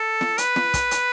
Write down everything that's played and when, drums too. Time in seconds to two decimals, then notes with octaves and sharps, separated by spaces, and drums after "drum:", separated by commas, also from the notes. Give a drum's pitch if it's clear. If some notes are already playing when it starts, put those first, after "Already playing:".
Already playing: A4
0.21 drum: snare
0.38 B4, drum: hi-hat
0.56 drum: snare
0.74 drum: kick, hi-hat
0.91 drum: hi-hat